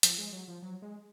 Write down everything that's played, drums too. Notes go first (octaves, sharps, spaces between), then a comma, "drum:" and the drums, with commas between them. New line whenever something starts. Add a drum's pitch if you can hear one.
F3, drum: hi-hat
G#3
F#3
F3
F#3
G#3